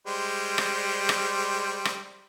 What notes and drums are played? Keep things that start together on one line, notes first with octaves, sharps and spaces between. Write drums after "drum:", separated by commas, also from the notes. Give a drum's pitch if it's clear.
G3 G#3 C5
drum: rim click
drum: rim click
drum: rim click